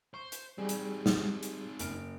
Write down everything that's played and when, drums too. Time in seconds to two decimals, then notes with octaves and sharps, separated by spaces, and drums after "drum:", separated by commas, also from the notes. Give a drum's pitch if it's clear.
0.14 C5 C#6
0.32 drum: hi-hat
0.58 G3 C4 D#4 G4 G#4
0.69 drum: hi-hat
1.06 drum: snare
1.43 drum: hi-hat
1.79 F#1 F6 D7, drum: hi-hat